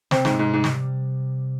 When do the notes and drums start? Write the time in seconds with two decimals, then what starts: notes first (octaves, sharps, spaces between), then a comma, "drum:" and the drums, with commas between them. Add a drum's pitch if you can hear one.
0.11 C3 C4, drum: snare
0.25 G#2, drum: snare
0.39 G#2
0.53 G#2 G3
0.64 drum: snare